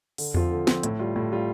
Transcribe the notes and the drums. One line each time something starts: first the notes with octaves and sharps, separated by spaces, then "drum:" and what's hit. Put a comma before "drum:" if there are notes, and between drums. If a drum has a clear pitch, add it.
D3, drum: open hi-hat
F3 C4 F4, drum: tom E2
D3
F3 C4 F4, drum: snare
A2, drum: hi-hat
G3 F4
A2
G3 F4